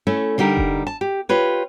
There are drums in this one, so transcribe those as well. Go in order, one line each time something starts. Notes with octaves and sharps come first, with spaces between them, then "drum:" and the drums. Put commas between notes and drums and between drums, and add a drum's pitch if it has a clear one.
A3 C#4 E4
D3 G3 D#4 G4 A#4
drum: kick F1
A5
G4
F4 G4 B4 C#5